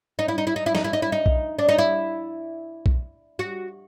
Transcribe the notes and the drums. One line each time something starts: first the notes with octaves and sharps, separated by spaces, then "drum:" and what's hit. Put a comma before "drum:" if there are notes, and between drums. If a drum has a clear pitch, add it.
D#4
E4
D#4
E4
D#4
E4
D#4, drum: snare
E4
D#4
E4
D#4
drum: kick B1
D4
D#4
E4
drum: kick B1
F#4